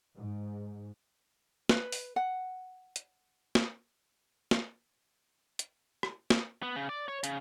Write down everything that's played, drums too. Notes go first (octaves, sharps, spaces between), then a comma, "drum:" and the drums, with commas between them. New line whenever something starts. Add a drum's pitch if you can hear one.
G#2
B4, drum: snare
drum: open hi-hat
F#5
drum: hi-hat
drum: snare
drum: snare
drum: hi-hat
drum: rim click
drum: snare
B3
C#3
D5
C#5
C#3, drum: hi-hat